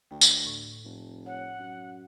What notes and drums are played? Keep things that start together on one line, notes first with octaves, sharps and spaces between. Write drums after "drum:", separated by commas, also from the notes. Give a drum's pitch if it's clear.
D2 G5
drum: tambourine
A2
F1
C#5 F#5
F#2